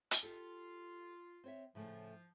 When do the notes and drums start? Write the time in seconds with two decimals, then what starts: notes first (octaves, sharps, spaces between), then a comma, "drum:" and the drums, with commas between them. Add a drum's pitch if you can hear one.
0.11 drum: hi-hat
0.23 F4 G4 A4
1.44 C4 C#5 E5
1.75 A2 C#3 F3 A3